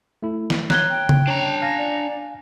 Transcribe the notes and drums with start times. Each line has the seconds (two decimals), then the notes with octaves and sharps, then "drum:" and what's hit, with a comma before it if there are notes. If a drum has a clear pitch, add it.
0.23 A3 E4
0.50 drum: snare
0.70 C#5 A#5 F#6 G#6 G7, drum: snare
0.90 G5
1.09 drum: tom C#3
1.27 C#4 D4 C#5 A#5
1.62 F5 G#5 A#6
1.78 D5